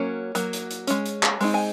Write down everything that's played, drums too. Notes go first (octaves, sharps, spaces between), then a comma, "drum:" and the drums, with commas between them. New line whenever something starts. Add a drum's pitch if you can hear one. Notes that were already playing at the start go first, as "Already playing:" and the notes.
Already playing: F#3 A#3 C#4
F#3 A#3, drum: hi-hat
drum: hi-hat
drum: hi-hat
G#3 C#4, drum: hi-hat
drum: hi-hat
drum: clap
G#3 C4 D#4, drum: open hi-hat
G#5